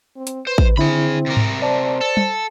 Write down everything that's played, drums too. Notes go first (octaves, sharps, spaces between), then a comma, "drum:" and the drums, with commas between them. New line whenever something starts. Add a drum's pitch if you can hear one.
C4
drum: hi-hat
B4 C5
drum: kick A1
D3 C4 E4 G#4 B5
C3 A#4
drum: tom G#2
C5 D5 A5
A4
drum: tom G3